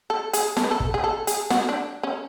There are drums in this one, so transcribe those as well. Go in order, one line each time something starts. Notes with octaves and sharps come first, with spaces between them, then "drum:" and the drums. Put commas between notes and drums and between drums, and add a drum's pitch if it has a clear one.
A4
G#4, drum: hi-hat
A4, drum: snare
B4
A4
drum: kick
G#4
A4
G#4, drum: hi-hat
F#4, drum: snare
D4
C#4